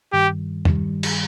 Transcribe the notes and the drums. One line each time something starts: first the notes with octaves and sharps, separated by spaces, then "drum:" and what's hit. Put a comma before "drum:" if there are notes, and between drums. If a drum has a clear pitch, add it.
G2 D#3 G3 G4
G2 D#3 G3, drum: tom E2
drum: cymbal